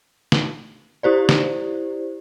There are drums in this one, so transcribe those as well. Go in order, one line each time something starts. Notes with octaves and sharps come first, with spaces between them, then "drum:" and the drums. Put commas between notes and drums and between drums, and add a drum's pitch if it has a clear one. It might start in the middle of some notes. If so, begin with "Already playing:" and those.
drum: snare
E4 G4 C5 D5
drum: snare